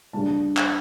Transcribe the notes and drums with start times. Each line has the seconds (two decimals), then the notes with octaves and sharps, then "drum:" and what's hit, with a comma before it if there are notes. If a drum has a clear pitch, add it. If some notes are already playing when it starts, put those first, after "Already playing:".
0.13 C#2 C#3 G3 D4 A5
0.57 drum: clap